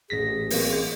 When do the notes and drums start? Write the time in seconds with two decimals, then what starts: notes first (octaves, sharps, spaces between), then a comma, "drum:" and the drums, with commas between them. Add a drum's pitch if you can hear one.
0.10 A1 G#4 A#6 B6
0.50 A#3 C4 F4, drum: open hi-hat